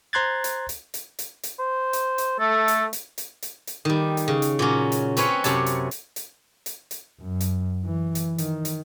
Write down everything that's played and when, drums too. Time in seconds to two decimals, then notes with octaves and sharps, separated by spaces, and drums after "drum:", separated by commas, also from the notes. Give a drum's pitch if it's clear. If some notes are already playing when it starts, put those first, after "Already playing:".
0.13 C5 A#5 C6 F#6 G#6 A6
0.44 drum: hi-hat
0.69 drum: hi-hat
0.94 drum: hi-hat
1.19 drum: hi-hat
1.43 drum: hi-hat
1.60 C5
1.93 drum: hi-hat
2.18 drum: hi-hat
2.40 A3 A4
2.68 drum: hi-hat
2.93 drum: hi-hat
3.18 drum: hi-hat
3.42 drum: hi-hat
3.67 drum: hi-hat
3.85 D#3 G3
4.17 drum: hi-hat
4.28 C#3
4.42 drum: hi-hat
4.59 A#2 F#3 C#4
4.92 drum: hi-hat
5.17 C4 C#4 B4 C#5, drum: hi-hat
5.44 F#2 C3 C#5 A5, drum: hi-hat
5.66 drum: hi-hat
5.91 drum: hi-hat
6.16 drum: hi-hat
6.66 drum: hi-hat
6.91 drum: hi-hat
7.21 F#2
7.41 drum: hi-hat
7.85 E3
8.15 drum: hi-hat
8.38 D#3, drum: hi-hat
8.65 drum: hi-hat